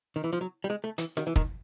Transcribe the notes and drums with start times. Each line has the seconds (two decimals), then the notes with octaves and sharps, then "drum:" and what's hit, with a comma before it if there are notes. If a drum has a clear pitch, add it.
0.16 D#3
0.24 E3
0.33 F3
0.41 F#3
0.64 G3
0.70 G#3
0.84 A3
0.98 E3, drum: hi-hat
1.17 D#3, drum: snare
1.27 E3
1.36 D#3, drum: kick